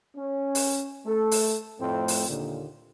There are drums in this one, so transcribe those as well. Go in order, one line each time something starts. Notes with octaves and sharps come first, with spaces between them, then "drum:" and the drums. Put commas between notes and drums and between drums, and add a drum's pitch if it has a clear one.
C#4
drum: open hi-hat
A3 A4
drum: open hi-hat
F2 A2 A3 C4
drum: open hi-hat
D#2 A#2 D3